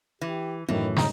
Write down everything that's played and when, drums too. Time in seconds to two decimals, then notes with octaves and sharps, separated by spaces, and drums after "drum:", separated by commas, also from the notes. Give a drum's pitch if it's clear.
0.22 E3 G4
0.69 F#2 A2 D#3 E3
0.96 D#4, drum: snare